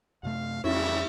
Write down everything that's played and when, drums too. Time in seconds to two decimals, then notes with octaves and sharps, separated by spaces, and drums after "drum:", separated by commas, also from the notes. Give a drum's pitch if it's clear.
0.23 F#2 C3 A3 F5
0.64 A1 F2 C#3 G3 E4 C#5 E5, drum: cymbal